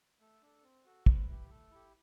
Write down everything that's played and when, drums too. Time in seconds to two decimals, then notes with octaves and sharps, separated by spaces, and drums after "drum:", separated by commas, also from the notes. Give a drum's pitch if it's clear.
0.21 A3 A4
0.42 D4 A4
0.63 C4
0.85 F#4 A4
1.06 C4 B4, drum: kick
1.28 E4 G4
1.50 A3 A4
1.71 E4 G4